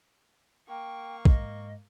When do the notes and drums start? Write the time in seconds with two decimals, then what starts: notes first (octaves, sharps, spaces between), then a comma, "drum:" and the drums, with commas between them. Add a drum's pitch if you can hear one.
0.68 A#3 G5 C#6
1.25 G#2 D#5, drum: kick